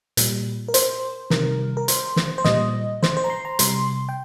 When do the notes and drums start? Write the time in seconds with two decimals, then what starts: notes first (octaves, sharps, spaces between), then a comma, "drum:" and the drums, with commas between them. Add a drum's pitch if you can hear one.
0.17 A#2 G3, drum: hi-hat
0.68 A#4
0.74 C5, drum: hi-hat
1.30 C3 D#3 G3 A#4, drum: snare
1.77 A#4
1.88 C5, drum: hi-hat
2.16 drum: snare
2.38 C5
2.44 A#2 G3 D#5, drum: snare
3.03 C5, drum: snare
3.17 C5
3.24 A#5
3.30 C6
3.45 A#5
3.59 C3 G3 C6, drum: hi-hat
4.09 G5